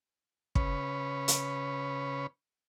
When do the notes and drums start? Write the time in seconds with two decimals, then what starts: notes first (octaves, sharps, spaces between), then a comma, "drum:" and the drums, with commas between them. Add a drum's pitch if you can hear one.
0.55 C#3 C#4 B4, drum: kick
1.28 drum: hi-hat